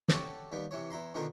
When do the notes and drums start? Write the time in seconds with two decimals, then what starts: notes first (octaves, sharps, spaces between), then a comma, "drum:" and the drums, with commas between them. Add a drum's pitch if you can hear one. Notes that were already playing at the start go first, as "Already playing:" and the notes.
0.08 F#4 G4 A4 C#5 D5, drum: snare
0.52 D#2 G3 B3
0.71 C3 E3 C#5
0.91 E2 E4 A#5 C6
1.14 B2 D3 D#3 B3 F4 A#4